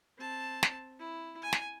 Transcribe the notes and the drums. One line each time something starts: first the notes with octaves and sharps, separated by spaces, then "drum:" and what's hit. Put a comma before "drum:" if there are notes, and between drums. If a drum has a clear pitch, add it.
C4 A5
drum: snare
E4
G#5
drum: snare